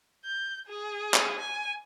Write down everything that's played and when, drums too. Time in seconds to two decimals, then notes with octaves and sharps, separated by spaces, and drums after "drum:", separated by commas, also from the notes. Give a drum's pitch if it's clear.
0.25 G6
0.67 G#4
1.14 drum: clap
1.40 G#5